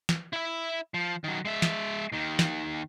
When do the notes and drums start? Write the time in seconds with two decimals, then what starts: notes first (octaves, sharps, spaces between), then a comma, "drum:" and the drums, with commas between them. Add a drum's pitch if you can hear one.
0.09 drum: snare
0.33 E4 E5
0.94 F3
1.24 D#3 F#3
1.45 G#3 E5
1.62 drum: snare
2.12 D#2 D#3
2.39 drum: snare